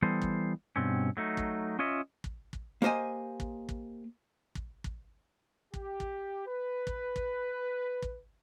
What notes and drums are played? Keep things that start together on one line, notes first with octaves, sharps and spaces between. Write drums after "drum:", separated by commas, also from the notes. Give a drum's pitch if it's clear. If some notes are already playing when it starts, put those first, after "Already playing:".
E3 G3 B3 A4 C5
drum: kick
G2 B2 C4 C#4
F#3 A3 D#4
drum: kick
C#4 F4 C#5 D#5 E5
drum: kick
drum: kick
A#3 G4 C5 D#5 G#5
drum: kick
drum: kick
drum: kick
drum: kick
G4, drum: kick
drum: kick
B4
drum: kick
drum: kick
drum: kick